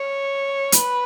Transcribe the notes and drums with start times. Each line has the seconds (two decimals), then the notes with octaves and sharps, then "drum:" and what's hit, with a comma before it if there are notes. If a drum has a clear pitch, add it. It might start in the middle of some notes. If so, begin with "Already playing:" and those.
Already playing: C#5
0.72 B4, drum: hi-hat